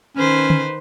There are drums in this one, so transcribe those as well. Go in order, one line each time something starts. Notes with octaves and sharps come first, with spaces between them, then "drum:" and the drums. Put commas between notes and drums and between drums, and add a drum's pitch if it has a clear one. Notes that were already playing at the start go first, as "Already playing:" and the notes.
D#3 C#4 B4 C5
drum: tom